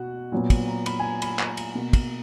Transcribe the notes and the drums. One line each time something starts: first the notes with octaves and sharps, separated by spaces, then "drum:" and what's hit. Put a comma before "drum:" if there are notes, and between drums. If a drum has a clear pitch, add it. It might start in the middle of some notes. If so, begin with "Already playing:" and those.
Already playing: B2 F#4 F#5
A#2 F#3 B3
drum: kick, cymbal
A#5
B5, drum: cymbal
G#5
A#5
B5, drum: cymbal
A#5, drum: clap
A#5, drum: cymbal
B2 A#3
drum: kick, cymbal